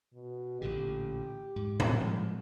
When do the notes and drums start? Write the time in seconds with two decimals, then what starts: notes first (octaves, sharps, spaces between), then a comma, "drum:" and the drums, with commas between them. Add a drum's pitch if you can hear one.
0.13 B2
0.61 A1 A#2 D3 G4
1.56 G#2
1.80 drum: tom A2
2.00 F3 G3 G#3